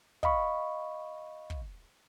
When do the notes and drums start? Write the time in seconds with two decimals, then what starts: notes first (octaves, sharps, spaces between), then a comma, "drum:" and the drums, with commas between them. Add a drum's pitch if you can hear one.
0.23 D#5 F5 B5 C#6, drum: kick
1.50 drum: kick